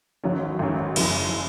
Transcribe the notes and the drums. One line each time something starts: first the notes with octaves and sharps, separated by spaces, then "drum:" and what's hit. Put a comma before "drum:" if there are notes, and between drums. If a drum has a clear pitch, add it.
G#1 G#2 F#3 C#4
G#1 G#2 F#3 C#4
F#1 F#2 C#3 E3, drum: cymbal